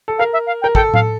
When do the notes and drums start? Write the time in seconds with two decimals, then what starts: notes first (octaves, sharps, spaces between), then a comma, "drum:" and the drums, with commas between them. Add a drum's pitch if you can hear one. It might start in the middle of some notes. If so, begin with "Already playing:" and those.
0.08 A4
0.18 A#4 F5
0.33 E5
0.46 F5
0.62 A#4 G5
0.75 A4 G5, drum: kick
0.94 F5, drum: tom A2